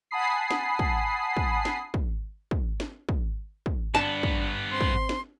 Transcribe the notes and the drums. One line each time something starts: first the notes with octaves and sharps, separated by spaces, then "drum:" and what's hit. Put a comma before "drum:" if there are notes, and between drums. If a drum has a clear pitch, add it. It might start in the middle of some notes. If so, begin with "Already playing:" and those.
F#5 G#5 A5 B5 D#6 C7
drum: snare
drum: kick
drum: kick
drum: snare
drum: kick
drum: kick
drum: snare
drum: kick
drum: kick
G2 B3 D4 A5, drum: snare
drum: kick
C4 C6
drum: kick
drum: snare